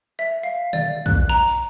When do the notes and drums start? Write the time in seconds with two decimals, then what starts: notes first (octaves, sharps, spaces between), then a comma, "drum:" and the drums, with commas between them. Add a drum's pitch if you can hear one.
0.19 E5
0.43 F5
0.73 D5, drum: tom
1.06 F#6, drum: kick
1.30 A#5
1.48 drum: open hi-hat